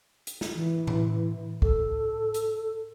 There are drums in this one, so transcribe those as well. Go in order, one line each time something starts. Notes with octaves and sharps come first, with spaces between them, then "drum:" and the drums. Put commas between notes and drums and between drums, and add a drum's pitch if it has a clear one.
drum: hi-hat
drum: snare
E3
drum: tom A2
A4, drum: kick
drum: hi-hat